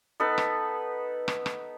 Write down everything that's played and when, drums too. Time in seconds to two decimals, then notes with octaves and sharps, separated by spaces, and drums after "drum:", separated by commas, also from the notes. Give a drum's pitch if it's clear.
0.20 B3 D#4 A4 B4
0.38 drum: rim click
1.28 drum: rim click
1.46 drum: rim click